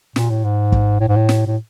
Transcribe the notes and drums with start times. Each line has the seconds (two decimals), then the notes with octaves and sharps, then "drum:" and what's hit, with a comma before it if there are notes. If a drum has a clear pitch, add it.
0.16 A#2, drum: snare
0.30 A2
0.44 G#2
0.72 drum: kick
1.00 A2
1.08 G#2
1.16 A2
1.29 drum: snare
1.47 A2